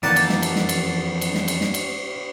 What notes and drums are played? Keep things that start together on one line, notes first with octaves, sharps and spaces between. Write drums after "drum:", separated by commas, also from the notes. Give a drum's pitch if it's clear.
F2 D#3 E3 A#3 D5 F#5 A5
drum: cymbal
drum: snare
drum: cymbal
drum: snare
drum: cymbal
drum: cymbal
drum: snare
drum: cymbal
drum: snare
drum: cymbal